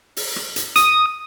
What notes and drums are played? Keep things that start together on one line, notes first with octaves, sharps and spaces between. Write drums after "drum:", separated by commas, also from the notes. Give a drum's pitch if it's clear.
drum: open hi-hat
drum: rim click
drum: hi-hat
D#6, drum: hi-hat